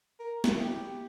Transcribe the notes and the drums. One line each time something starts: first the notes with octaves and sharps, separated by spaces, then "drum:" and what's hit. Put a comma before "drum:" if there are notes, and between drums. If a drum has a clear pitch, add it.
A#4
E4, drum: snare
G4